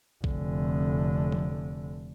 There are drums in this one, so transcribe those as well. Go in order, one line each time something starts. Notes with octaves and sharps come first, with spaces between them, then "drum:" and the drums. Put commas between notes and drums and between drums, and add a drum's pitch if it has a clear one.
F1 D3, drum: kick A#1
drum: tom F3